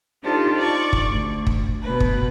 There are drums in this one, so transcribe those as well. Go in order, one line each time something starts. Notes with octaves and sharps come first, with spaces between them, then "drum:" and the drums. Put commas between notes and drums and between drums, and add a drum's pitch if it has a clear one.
D4 D#4 F4 G4 A4 C5
D5 C#6
drum: kick
D2
drum: kick
B2 B4
drum: kick